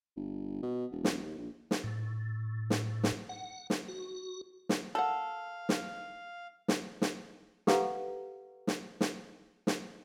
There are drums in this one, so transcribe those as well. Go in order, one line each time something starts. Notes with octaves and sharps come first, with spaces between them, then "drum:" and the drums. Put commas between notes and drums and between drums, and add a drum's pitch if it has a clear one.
G1
B2
E1
drum: snare
D#2
A#1
drum: snare
A2
drum: snare
drum: snare
F#5
drum: snare
F#4
drum: snare
A4 A#4 F5 F#5
drum: snare
drum: snare
drum: snare
G4 A4 B4 F5 F#5 A#5, drum: snare
drum: snare
drum: snare
drum: snare